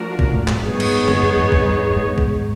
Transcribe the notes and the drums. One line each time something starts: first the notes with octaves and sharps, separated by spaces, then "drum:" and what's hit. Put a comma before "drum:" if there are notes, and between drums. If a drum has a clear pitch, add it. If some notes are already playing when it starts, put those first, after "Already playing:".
Already playing: F3 A3 D4 F#4 A#4
B2, drum: kick A#1
A#2
A2
G#2, drum: clap
G2 B3 D#4 G#4 C#5
drum: cymbal
G#2, drum: tom F#2
G2
F2
G2, drum: kick A#1
G2
G#2
drum: kick A#1